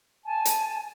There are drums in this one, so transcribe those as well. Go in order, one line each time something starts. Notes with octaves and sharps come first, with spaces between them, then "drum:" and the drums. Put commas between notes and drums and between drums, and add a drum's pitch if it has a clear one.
G#5 A5
drum: hi-hat